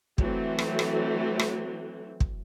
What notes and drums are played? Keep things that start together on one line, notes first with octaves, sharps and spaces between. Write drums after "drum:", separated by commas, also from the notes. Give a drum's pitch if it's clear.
E3 F#3 A3 C4, drum: kick
drum: rim click
drum: rim click
drum: rim click
drum: kick